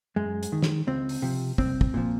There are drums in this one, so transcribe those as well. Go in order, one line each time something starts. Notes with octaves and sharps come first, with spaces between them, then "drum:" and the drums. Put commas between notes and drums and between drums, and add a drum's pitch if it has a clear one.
F#2 G#3
drum: hi-hat
D#3
drum: snare
C#2 C4
drum: open hi-hat
C3 F3
C2 C4, drum: kick
drum: kick
A#2 F3